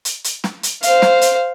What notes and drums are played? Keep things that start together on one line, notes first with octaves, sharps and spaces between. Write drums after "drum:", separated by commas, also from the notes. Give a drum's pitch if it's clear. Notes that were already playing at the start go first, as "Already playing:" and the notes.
drum: hi-hat
drum: hi-hat
drum: snare
drum: hi-hat
C5 F5, drum: hi-hat
drum: snare
drum: hi-hat